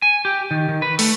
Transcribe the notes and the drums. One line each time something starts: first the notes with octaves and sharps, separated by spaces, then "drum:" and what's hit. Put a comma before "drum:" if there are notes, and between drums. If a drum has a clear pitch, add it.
G#5
G4
D#3
D#3
B4
A3, drum: open hi-hat